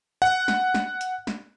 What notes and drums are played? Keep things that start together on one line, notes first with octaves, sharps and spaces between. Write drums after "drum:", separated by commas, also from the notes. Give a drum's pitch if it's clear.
F#5
drum: snare
drum: snare
drum: hi-hat
drum: snare